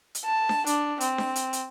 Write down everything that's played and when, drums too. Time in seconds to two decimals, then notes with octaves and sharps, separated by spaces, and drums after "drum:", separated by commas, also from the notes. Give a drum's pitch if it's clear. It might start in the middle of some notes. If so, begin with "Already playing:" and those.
0.15 drum: hi-hat
0.25 A5
0.49 drum: snare D4
0.66 D4, drum: hi-hat
1.00 C4, drum: hi-hat
1.18 drum: snare D4
1.36 drum: hi-hat
1.53 drum: hi-hat